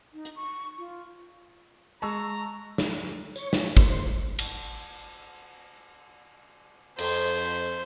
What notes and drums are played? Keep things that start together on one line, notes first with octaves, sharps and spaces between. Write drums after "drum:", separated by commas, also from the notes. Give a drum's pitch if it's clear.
D#4
drum: hi-hat
C#6
F4
G#3 A5 A#5 C#6 E6
drum: snare
C#5, drum: tambourine
drum: snare
C5, drum: kick
drum: cymbal
F2 C5, drum: cymbal